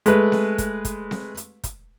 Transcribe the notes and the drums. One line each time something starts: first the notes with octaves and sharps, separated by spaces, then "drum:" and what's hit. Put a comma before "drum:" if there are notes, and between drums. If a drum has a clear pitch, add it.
G#3 A3 B4, drum: hi-hat
drum: snare C4
drum: kick, hi-hat
drum: kick, hi-hat
drum: snare C4
drum: hi-hat
drum: kick, hi-hat